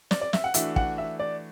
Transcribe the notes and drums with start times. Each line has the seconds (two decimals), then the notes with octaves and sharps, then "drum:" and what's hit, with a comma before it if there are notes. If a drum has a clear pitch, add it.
0.11 D5, drum: snare
0.21 D5
0.33 E5, drum: snare
0.44 F#5
0.54 E3 A3 D4 F#4 E5, drum: hi-hat
0.76 F#5, drum: kick
0.98 E5
1.20 D5